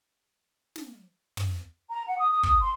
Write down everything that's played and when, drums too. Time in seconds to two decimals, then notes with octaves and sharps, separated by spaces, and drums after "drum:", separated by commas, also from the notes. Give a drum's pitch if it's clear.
0.76 drum: snare
1.37 drum: tom
1.90 A#5
2.07 F#5
2.19 D#6
2.30 D#6
2.43 D#6, drum: kick
2.61 C6